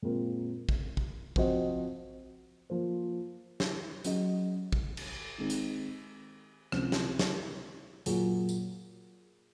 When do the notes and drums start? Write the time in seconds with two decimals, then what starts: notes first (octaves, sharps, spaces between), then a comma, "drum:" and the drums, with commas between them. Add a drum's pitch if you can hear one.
0.02 A#2 G#3 C4 F4 A#4
0.69 drum: kick
0.97 drum: kick
1.36 F3 C4 F#4 C5 D#5, drum: kick
2.70 F3 A#3 F4 C5
3.60 drum: snare
4.05 F#3 C#4 G#4 D#5, drum: hi-hat
4.72 drum: kick
4.97 drum: cymbal
5.38 D#3 G#3 C4 D#4
5.50 drum: hi-hat
6.72 C#2 C3 F3, drum: rim click
6.92 drum: snare
7.19 drum: snare
8.06 A#2 F#3 A#3 F4 G#4, drum: hi-hat
8.49 drum: tambourine